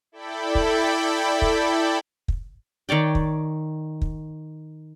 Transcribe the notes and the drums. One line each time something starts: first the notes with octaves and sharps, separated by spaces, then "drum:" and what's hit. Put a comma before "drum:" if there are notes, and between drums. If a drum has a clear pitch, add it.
E4 A4 D5 G5 B5
drum: kick
drum: kick
drum: kick
D#3 C#5 D5 G5
drum: kick
drum: kick